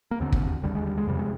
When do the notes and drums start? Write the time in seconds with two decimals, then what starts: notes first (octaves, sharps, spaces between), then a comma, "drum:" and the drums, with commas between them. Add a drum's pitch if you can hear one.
0.11 A#3
0.20 D#2 D3 C4
0.32 drum: kick
0.63 D#2 D3 G3
0.75 G#3
0.86 G3
0.97 G#3
1.07 F2 C3 G3
1.19 G#3